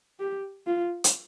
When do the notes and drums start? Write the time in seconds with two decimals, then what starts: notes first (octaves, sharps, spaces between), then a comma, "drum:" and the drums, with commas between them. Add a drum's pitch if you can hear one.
0.20 G4
0.67 F4
1.04 drum: hi-hat